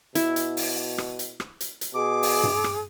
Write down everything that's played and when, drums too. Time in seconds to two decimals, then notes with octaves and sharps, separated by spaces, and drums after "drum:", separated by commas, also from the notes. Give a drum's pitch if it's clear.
0.15 B2 E4, drum: hi-hat
0.36 drum: hi-hat
0.57 drum: open hi-hat
0.98 drum: rim click
1.19 drum: hi-hat
1.40 drum: rim click
1.60 drum: hi-hat
1.81 drum: hi-hat
1.94 B2 G#4 D6
2.23 drum: open hi-hat
2.43 drum: tom G2
2.64 drum: rim click